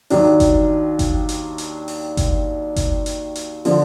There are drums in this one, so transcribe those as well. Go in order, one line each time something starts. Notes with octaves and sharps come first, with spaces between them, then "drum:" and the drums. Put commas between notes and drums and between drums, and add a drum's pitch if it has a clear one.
D#2 D#3 F#3 D4, drum: open hi-hat
drum: kick G1, hi-hat
drum: kick G1, hi-hat
drum: hi-hat
drum: hi-hat
drum: open hi-hat
drum: kick G1, hi-hat
drum: kick G1, hi-hat
drum: hi-hat
drum: hi-hat
D3 F3, drum: open hi-hat